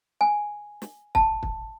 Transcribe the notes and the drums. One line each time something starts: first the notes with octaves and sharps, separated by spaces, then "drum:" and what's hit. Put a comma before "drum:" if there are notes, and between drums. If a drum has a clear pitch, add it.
G#5
drum: snare
A5, drum: kick
drum: kick